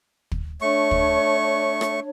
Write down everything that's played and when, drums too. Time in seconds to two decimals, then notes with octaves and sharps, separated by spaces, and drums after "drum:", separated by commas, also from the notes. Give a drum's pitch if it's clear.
0.32 drum: kick
0.62 A3 D4 C#5 C#6
0.91 drum: kick
1.81 drum: rim click